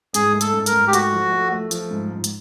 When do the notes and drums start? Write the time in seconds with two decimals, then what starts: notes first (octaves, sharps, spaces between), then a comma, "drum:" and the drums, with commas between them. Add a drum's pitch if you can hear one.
0.14 G#2 G#4, drum: hi-hat
0.34 A3
0.41 A4, drum: hi-hat
0.54 G#2
0.66 A#4, drum: hi-hat
0.73 G#2
0.87 G4
0.93 A3 F#4, drum: hi-hat
1.13 F3
1.32 A3
1.52 A3
1.71 F3, drum: hi-hat
1.91 G#2
2.11 G#2
2.24 drum: hi-hat